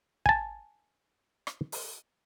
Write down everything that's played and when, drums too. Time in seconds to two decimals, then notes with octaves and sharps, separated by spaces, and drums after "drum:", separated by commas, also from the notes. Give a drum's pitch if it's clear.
0.26 G#5 A5, drum: kick
1.47 drum: rim click
1.72 drum: open hi-hat